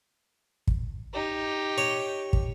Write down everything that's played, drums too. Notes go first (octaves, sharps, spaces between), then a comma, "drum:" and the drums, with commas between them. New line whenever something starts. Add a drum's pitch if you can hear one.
drum: kick
D#4 G4
C#5
drum: kick